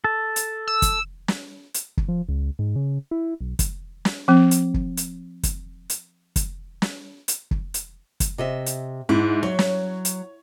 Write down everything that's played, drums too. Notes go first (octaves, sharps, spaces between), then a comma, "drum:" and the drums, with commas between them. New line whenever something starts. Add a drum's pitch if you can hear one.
A4
drum: hi-hat
E6
drum: kick, hi-hat
drum: snare
drum: hi-hat
drum: kick
F3
C#2
G#2
C#3
E4
B1
drum: kick, hi-hat
drum: snare
F3 C4
drum: hi-hat
drum: kick
drum: hi-hat
drum: kick, hi-hat
drum: hi-hat
drum: kick, hi-hat
drum: snare
drum: hi-hat
drum: kick
drum: hi-hat
drum: kick, hi-hat
C3 D#5 E5
drum: hi-hat
G#2 E4
F#3 C#5
drum: snare
drum: hi-hat